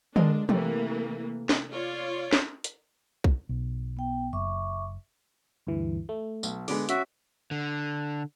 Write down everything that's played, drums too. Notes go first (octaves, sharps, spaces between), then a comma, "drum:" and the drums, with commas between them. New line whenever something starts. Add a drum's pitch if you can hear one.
G#3 D4 A#4 D#5, drum: tom D3
C3 E3 A3 A#3, drum: tom E3
drum: snare
F4 C#5 D5
drum: snare
drum: hi-hat
drum: kick
B1
B3 G5
F#1 E5 C#6 D6
D2 G2 E3
A3
B1, drum: tambourine
D3 G#3 B3 D6, drum: open hi-hat
C#4 F#4 E5, drum: hi-hat
D3